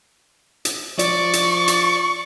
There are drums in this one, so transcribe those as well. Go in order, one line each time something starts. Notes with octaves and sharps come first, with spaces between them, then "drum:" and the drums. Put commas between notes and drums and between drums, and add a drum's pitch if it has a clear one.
drum: hi-hat
F3 D5 C#6, drum: hi-hat
drum: hi-hat
drum: hi-hat